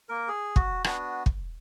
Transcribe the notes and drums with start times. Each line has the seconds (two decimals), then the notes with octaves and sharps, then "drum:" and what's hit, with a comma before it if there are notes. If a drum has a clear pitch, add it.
0.09 A#3 A#4
0.28 G#4
0.56 F#4, drum: kick
0.84 B3 D4 F#4, drum: rim click
1.26 drum: kick